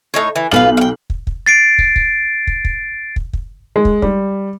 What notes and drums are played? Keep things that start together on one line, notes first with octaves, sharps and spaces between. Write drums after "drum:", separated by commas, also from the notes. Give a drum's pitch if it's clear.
A2 D#4 C#5
E3
B1 F4 B4 F5 F#7
F5 G5
drum: kick
drum: kick
A6 C7 D7
drum: kick
drum: kick
drum: kick
drum: kick
drum: kick
drum: kick
G#3
drum: kick
G3, drum: kick